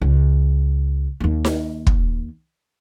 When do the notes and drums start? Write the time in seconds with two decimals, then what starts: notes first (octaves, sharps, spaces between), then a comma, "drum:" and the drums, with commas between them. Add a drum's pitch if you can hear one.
0.02 C#2
1.20 D#2 A#3
1.45 drum: snare D#4
1.87 drum: kick